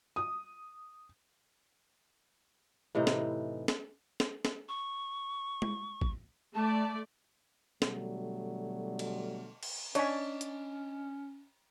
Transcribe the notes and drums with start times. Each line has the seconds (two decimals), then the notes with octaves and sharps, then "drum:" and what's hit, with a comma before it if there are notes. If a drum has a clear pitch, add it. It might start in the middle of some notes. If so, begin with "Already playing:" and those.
0.16 D#6
2.95 A2 C3 E3 D#4
3.07 drum: snare
3.68 drum: snare
4.20 drum: snare
4.45 drum: snare
4.69 C#6
5.62 drum: tom G#3
6.01 drum: kick
6.55 A3 D5 A5
7.82 B2 D3 F#3 G3 A3, drum: snare
8.99 drum: cymbal
9.63 drum: cymbal
9.95 C#4 D4 C#5 D#5 G#5 B6, drum: hi-hat
10.41 drum: hi-hat